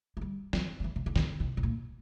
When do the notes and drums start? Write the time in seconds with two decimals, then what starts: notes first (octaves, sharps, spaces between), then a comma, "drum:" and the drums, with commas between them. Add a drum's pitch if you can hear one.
0.17 F#3
0.21 G3
0.53 F#3, drum: snare
0.80 F3
0.84 E3
0.96 C#3
1.06 D3
1.16 D#3, drum: snare
1.40 C3
1.57 B2
1.63 A#2